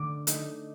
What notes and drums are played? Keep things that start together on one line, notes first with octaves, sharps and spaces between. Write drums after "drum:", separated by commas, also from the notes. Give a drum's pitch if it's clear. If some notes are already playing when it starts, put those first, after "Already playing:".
Already playing: D3 A3 D6
A3 D#4, drum: hi-hat